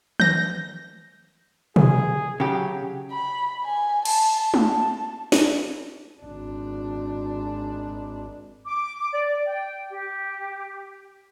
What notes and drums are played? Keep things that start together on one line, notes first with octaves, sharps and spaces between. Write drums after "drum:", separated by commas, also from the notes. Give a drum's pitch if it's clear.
G6 A#6, drum: tom D#3
G#4, drum: tom B2
C#3 F#3 G4
B5
G#5
A5, drum: cymbal
A5, drum: tom G#3
drum: snare
G#1 D4
D6
D5
G5
G4